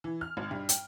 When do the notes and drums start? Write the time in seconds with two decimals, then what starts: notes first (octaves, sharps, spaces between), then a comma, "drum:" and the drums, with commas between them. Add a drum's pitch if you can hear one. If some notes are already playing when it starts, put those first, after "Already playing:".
0.04 E3
0.21 F6
0.37 G#1
0.51 G2
0.69 G5, drum: hi-hat